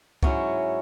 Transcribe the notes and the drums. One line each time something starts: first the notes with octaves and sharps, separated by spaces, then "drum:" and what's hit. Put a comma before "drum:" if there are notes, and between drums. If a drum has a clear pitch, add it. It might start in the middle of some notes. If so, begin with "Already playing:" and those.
G#2 F#3 C#4 E4, drum: kick